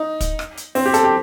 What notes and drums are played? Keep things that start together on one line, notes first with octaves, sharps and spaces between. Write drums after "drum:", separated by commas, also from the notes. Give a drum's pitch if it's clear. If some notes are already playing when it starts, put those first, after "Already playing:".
Already playing: D#4
drum: kick, hi-hat
drum: rim click
drum: hi-hat
C4, drum: open hi-hat
G4
A4, drum: hi-hat
G4